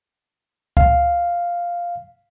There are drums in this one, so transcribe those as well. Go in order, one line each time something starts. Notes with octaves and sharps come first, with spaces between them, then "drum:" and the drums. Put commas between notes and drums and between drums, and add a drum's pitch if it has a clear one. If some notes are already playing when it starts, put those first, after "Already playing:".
F5, drum: kick C#2